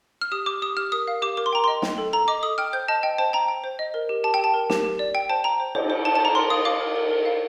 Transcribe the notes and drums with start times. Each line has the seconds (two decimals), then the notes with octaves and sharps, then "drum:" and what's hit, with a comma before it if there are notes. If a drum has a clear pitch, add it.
0.21 F6
0.32 G4 D#6
0.46 G4 D6
0.62 G4 D#6
0.77 G4 F6
0.92 A#4 D#6
1.08 F5
1.22 G4 D6
1.37 A#4 D6
1.46 C6
1.53 G5 A#5
1.64 D#5 C6
1.82 G5, drum: snare
1.98 A4
2.13 A4 A#5
2.28 D#5 D6
2.43 A4 D#6
2.58 G5 F6
2.73 C5 G6
2.88 D#5 A5
3.03 D#5 G5
3.18 C5 A5
3.33 G5 A#5
3.49 G5
3.64 C5
3.79 D#5
3.94 A#4
4.09 G4
4.24 G4 A5
4.34 G5
4.39 G4 A5
4.54 A#4
4.70 G4, drum: snare
4.85 G4
4.99 D5
5.15 G5
5.30 C5 A5
5.44 G5 A#5
5.60 C5
5.75 C5, drum: cymbal
5.90 C5
6.05 C5 A5
6.15 A5
6.20 C5 A#5
6.35 A#4 C6
6.50 F5 D#6
6.65 F5 D6
6.81 A#4
6.96 A#4
7.11 A#4
7.26 F5